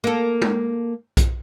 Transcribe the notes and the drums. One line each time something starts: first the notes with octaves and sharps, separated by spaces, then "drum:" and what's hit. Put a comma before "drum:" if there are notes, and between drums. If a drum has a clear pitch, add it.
A#3 A4
drum: tom
drum: kick B1, hi-hat